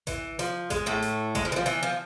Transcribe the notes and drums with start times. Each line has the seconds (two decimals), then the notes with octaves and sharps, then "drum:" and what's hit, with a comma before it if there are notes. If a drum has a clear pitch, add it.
0.07 E3, drum: kick A1, hi-hat
0.39 F3, drum: hi-hat
0.70 G#3, drum: kick A1, hi-hat
0.86 A2 A3
1.02 drum: hi-hat
1.35 G#3, drum: kick A1, hi-hat
1.45 F3
1.52 E3
1.56 F3
1.66 E3, drum: hi-hat
1.83 F3